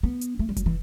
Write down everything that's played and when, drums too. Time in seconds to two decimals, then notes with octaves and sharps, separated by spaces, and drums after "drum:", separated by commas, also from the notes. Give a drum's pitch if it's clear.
0.03 B3
0.21 drum: hi-hat
0.39 A3
0.49 G3
0.57 F#3, drum: kick F1, hi-hat
0.66 E3